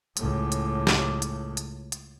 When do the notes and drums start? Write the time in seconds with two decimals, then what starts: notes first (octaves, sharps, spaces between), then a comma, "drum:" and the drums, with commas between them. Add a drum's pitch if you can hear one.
0.17 C#2 A2, drum: hi-hat
0.52 drum: hi-hat
0.87 drum: snare
1.22 drum: hi-hat
1.57 drum: hi-hat
1.92 drum: hi-hat